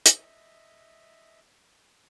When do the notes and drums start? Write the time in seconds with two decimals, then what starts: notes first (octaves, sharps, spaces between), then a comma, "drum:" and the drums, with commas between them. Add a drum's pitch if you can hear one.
0.06 D#5 E5, drum: hi-hat